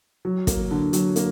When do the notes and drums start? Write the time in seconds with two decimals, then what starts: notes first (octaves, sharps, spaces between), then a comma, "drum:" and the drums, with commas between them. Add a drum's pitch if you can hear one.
0.25 F#3
0.47 A#3, drum: kick, hi-hat
0.71 D3
0.93 F#3, drum: hi-hat
1.16 A#3, drum: hi-hat